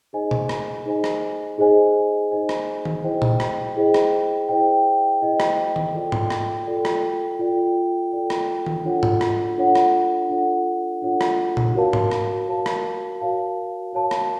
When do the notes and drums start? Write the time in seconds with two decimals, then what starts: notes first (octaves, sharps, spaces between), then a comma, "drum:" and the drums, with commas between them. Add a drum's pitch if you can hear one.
0.13 D#4 G#4 C5 D#5 G#5
0.31 drum: tom B2
0.49 drum: rim click
0.86 D#4 G#4 C5 D#5 G#5
1.04 drum: rim click
1.58 D#4 G#4 C5 D#5 G#5
2.31 D#4 G#4 C5 D#5 G#5
2.49 drum: rim click
2.85 drum: tom D#3
3.03 E4 G#4 C5 D#5 G5
3.22 drum: tom A#2
3.40 drum: rim click
3.76 E4 G#4 C5 D#5 G5
3.94 drum: rim click
4.49 E4 G#4 C5 D#5 G5
5.22 E4 G#4 C5 D#5 G5
5.40 drum: rim click
5.76 drum: tom D#3
5.94 F4 A4 D5 G5
6.12 drum: tom G#2
6.30 drum: rim click
6.67 F4 A4 D5 G5
6.85 drum: rim click
7.39 F4 A4 D5 G5
8.12 F4 A4 D5 G5
8.30 drum: rim click
8.66 drum: tom D#3
8.85 D4 F4 A4 C#5 F#5
9.03 drum: tom G#2
9.21 drum: rim click
9.57 D4 F4 A4 C#5 F#5
9.75 drum: rim click
10.29 D4 F4 A4 C#5 F#5
11.02 D4 F4 A4 C#5 F#5
11.21 drum: rim click
11.57 drum: tom A#2
11.75 F#4 A#4 C#5 F5 A5
11.93 drum: tom G#2
12.11 drum: rim click
12.48 F#4 A#4 C#5 F5 A5
12.66 drum: rim click
13.20 F#4 A#4 C#5 F5 A5
13.93 F#4 A#4 C#5 F5 A5
14.11 drum: rim click